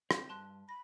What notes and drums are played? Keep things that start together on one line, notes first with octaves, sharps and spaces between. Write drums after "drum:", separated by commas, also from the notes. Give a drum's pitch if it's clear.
C4 E4 G4, drum: rim click
G2 A5 C6 F#6
B5 A#6